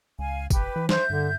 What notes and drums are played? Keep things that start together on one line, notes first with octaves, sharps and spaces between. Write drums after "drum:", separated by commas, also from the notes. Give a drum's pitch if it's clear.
C#2 F5 G#5
F1 G4 B4, drum: kick G#1, tambourine
E3
C5 E5 G6, drum: snare
G2 D3